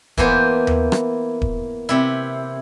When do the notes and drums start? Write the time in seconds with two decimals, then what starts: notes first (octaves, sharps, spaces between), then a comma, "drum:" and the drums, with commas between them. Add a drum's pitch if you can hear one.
0.17 E3 A#3 B3 C5, drum: kick D#1
0.67 drum: tom D#2
0.92 drum: rim click
1.42 drum: kick D#1
1.89 C3 E4